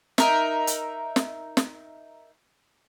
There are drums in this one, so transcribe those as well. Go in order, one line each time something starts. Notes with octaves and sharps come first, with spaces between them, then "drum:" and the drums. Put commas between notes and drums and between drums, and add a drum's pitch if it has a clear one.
D#4 A#4 E5, drum: snare
drum: hi-hat
drum: snare
drum: snare